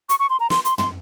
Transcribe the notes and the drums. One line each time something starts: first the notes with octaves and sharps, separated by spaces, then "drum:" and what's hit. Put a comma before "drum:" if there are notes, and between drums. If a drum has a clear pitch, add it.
C#6, drum: hi-hat
C#6
C6
A#5
C6, drum: snare
C6, drum: hi-hat
C6, drum: tom